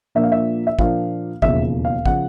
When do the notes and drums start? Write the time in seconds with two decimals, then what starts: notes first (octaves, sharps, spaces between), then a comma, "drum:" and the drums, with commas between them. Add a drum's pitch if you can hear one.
0.15 A#2 F3 A#3 D4 E5
0.23 F5
0.32 E5
0.67 E5
0.79 A#2 F3 A#3 D4 F5, drum: kick
1.42 E1 D#2 C#3 F3 E5, drum: kick
1.85 F5
2.06 C#3 F3 F#5, drum: kick